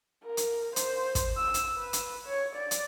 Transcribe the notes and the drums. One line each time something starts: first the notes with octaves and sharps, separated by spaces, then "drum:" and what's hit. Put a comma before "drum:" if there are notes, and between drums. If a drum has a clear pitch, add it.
A#4
drum: hi-hat
C5, drum: hi-hat
drum: kick, hi-hat
E6
drum: hi-hat
B4
drum: hi-hat
C#5
D5
drum: hi-hat